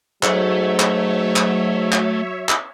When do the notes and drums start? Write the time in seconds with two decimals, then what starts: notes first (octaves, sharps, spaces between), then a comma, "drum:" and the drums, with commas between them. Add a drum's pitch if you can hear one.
0.23 G#2 F#3 A3 C#5 E5, drum: clap
0.80 drum: clap
1.36 drum: clap
1.92 drum: clap
2.49 drum: clap